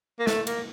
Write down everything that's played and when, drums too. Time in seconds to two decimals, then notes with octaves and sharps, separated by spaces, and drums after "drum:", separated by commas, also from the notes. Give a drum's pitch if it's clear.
0.19 A#3
0.27 A3, drum: snare
0.47 A#3, drum: cymbal